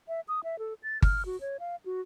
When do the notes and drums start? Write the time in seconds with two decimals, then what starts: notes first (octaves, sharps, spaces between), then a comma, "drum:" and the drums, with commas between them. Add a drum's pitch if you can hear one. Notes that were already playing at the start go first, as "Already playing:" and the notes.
0.08 E5
0.28 D#6
0.44 E5
0.59 A4
0.83 A6
1.02 F6, drum: kick G1
1.26 F#4
1.41 C#5
1.60 F5
1.86 F#4